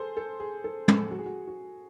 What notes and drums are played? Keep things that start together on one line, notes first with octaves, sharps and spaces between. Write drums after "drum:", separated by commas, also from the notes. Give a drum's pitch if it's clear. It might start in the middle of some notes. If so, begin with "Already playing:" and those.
Already playing: G#4 A4 C5
A4
G#4
A4
A4, drum: tom
F#4
G#4
F#4
F#4